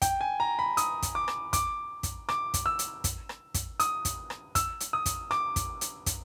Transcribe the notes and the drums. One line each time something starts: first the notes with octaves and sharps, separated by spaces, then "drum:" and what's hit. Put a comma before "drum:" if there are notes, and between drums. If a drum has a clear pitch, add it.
G5, drum: kick, hi-hat
G#5
A#5
B5
D#6, drum: hi-hat
drum: kick, hi-hat
D6
drum: rim click
D6, drum: kick, hi-hat
drum: kick, hi-hat
D6, drum: rim click
drum: kick, hi-hat
E6
drum: hi-hat
drum: kick, hi-hat
drum: rim click
drum: kick, hi-hat
D#6, drum: hi-hat
drum: kick, hi-hat
drum: rim click
E6, drum: kick, hi-hat
drum: hi-hat
D#6
drum: kick, hi-hat
D6, drum: rim click
drum: kick, hi-hat
drum: hi-hat
drum: kick, hi-hat